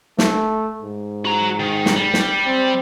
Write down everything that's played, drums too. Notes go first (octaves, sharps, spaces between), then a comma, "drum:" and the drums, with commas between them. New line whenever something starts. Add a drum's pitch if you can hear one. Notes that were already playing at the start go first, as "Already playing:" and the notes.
A3, drum: snare
G#2
F#4 A#5
D#3
drum: snare
G3
drum: snare
C4